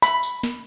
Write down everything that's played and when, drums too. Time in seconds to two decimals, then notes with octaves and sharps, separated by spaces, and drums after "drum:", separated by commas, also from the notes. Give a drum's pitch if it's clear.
0.02 B5, drum: tambourine
0.23 drum: tambourine
0.43 drum: snare